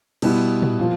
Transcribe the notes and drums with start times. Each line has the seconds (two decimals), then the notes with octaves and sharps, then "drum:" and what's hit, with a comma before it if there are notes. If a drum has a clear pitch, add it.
0.22 B2 G3 B3 E4, drum: cymbal
0.62 drum: tom
0.79 A#2 F3